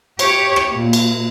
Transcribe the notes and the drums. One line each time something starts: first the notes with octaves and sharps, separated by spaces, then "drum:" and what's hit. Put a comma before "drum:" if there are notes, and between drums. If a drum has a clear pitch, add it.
G4 C#5, drum: cymbal
drum: rim click
A#2
drum: cymbal